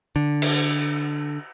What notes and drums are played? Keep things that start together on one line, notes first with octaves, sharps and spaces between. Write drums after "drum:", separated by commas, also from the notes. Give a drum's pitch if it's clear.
D3
drum: cymbal